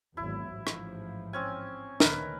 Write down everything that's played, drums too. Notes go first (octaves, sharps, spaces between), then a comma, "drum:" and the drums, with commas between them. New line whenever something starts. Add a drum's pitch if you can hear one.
G#1 E2 F#3 E4
A1 G#2 F3
drum: rim click
C4 C#4 G#5
D2 A#2 D#3 A#4 B4, drum: snare